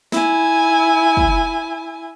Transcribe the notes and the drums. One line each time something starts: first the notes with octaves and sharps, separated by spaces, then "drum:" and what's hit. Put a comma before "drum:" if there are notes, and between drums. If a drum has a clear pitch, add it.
E4 G#5, drum: snare
drum: kick